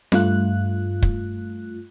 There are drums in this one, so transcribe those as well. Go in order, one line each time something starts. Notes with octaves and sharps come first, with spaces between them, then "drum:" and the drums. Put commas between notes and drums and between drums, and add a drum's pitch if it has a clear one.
G2 A3 F4 F#6, drum: snare F4
drum: kick